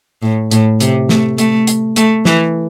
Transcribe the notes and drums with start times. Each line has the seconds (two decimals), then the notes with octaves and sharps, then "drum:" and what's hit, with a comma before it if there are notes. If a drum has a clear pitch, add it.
0.22 A2
0.51 A2, drum: hi-hat
0.80 C3, drum: hi-hat
1.09 A3, drum: snare
1.38 A3, drum: hi-hat
1.67 drum: hi-hat
1.96 A3, drum: hi-hat
2.25 E3, drum: snare